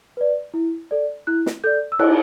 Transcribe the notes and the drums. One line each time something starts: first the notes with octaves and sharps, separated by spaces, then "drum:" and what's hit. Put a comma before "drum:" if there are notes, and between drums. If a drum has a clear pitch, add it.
B4 D5
E4
A4 D5
E4 F#6
drum: snare
A4 D5 G6
E6
E4 F#6, drum: cymbal